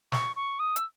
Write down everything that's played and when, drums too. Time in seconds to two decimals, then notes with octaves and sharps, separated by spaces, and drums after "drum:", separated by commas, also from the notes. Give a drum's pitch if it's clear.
0.12 C#6, drum: snare
0.36 C#6
0.59 D#6
0.76 E6, drum: hi-hat